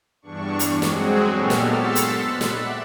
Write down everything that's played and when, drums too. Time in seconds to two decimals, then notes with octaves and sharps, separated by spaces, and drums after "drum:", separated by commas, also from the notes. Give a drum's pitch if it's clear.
0.22 E2 G2 D4 C#6
0.59 drum: hi-hat
0.82 F#3 G#3 C4 F#4 G#4, drum: snare
1.33 A#2 B3 G4 A4 F6
1.50 drum: snare
1.65 C6 E6 A6 B6 C#7
1.95 drum: hi-hat
2.20 B5 F#6
2.41 drum: snare
2.53 D5 E5 F#5